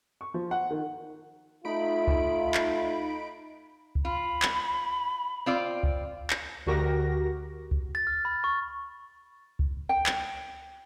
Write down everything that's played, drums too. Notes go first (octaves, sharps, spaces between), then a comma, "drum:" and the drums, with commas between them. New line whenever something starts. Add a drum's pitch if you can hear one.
C#6
F3
F#5
D#3
A3 D#4 F4 B5 D7
drum: kick C#2
drum: clap
drum: kick C#2
F4 B5
drum: clap
C4 F4 D5
drum: kick C#2
drum: clap
D2 D3 F#4 G4 A#4 A#6
drum: kick C#2
A6
F6
B5
C#6
drum: kick C#2
G5
drum: clap